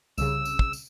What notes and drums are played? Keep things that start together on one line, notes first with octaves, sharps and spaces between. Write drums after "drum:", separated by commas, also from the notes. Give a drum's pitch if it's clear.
C2 C#3 E6, drum: tambourine
drum: tambourine
drum: kick
drum: tambourine